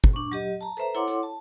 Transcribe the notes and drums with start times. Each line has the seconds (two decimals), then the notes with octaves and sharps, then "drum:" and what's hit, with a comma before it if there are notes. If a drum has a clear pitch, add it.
0.04 drum: kick
0.13 D4 C#6
0.32 F#3 G4 D#5
0.61 A5 A#5
0.77 A4 B4 C5 E5 A#5
0.95 E4 A4 C#5 F#5 C6 D6
1.08 drum: hi-hat
1.23 A5